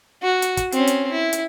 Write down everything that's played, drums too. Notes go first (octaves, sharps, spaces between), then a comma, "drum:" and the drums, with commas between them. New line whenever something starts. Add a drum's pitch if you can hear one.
F#4
drum: hi-hat
drum: kick, hi-hat
C4 C#4, drum: hi-hat
drum: hi-hat
E4
drum: hi-hat